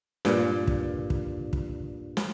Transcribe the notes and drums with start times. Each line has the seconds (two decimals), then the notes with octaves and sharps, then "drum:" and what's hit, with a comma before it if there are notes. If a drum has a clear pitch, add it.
0.25 G2 A#2, drum: snare
0.67 drum: kick
1.10 drum: kick
1.53 drum: kick
2.17 drum: snare